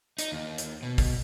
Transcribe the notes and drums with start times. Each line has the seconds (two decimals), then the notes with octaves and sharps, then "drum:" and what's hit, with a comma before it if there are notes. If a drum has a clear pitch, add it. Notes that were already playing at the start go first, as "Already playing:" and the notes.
0.19 D#4, drum: hi-hat
0.32 D#2
0.58 drum: hi-hat
0.83 B2
0.98 drum: kick, open hi-hat